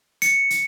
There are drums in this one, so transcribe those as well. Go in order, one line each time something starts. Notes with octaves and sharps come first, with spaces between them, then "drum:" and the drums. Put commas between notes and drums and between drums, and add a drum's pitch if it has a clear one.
C#7, drum: hi-hat
drum: hi-hat